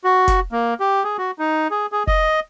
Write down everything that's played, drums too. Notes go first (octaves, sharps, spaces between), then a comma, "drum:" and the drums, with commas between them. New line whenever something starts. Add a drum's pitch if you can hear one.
F#4
drum: kick F1, hi-hat
A#3
G4
G#4
F#4
D#4
G#4
G#4
D#5, drum: kick F1